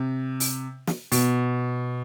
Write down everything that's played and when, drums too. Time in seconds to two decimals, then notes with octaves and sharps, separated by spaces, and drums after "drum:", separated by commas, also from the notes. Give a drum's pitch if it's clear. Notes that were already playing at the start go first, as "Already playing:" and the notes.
Already playing: C3
0.40 drum: open hi-hat
0.87 drum: snare
1.12 B2, drum: open hi-hat